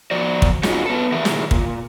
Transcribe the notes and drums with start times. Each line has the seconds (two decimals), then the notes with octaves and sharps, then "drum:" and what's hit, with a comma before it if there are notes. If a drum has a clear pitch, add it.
0.11 F3 F#4 C5 D5
0.42 drum: kick
0.63 C#4 D#4 F4 F#4 G#4, drum: snare
0.86 B3 A4
1.12 F2 E3 G4 A#4 E5
1.25 A#2 D#3 E4 G4 G#4, drum: snare
1.51 A#2, drum: kick